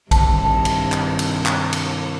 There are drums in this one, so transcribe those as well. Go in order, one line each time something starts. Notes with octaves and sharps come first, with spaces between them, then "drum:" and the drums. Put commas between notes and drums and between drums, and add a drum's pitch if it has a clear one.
G2 C3 D#3 A5, drum: kick A#1, cymbal
drum: cymbal
drum: clap
drum: cymbal
drum: clap
drum: cymbal